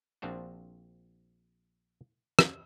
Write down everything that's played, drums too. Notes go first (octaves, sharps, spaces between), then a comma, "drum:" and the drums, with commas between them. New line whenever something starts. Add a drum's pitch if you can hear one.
A#1 F3 C4 D4 F#4
drum: rim click